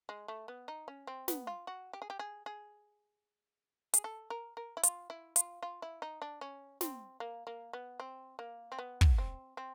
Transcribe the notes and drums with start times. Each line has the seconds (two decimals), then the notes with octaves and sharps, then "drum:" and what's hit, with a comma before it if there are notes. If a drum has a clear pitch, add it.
0.09 G#3
0.28 A3
0.48 B3
0.68 D#4
0.88 C#4
1.07 C4
1.28 B3, drum: snare
1.47 F4
1.67 F#4
1.93 G4
2.02 G#4
2.10 G4
2.19 G#4
2.46 G#4
3.94 G#4, drum: hi-hat
4.04 A4
4.30 A#4
4.57 A#4
4.77 E4
4.83 F4, drum: hi-hat
5.10 E4
5.36 F4, drum: hi-hat
5.62 F4
5.82 E4
6.02 D#4
6.22 D4
6.41 C#4
6.81 C4, drum: snare
7.20 A#3
7.47 A#3
7.73 B3
8.00 C4
8.39 A#3
8.72 C4
8.78 B3
9.01 drum: kick
9.18 C4
9.57 C4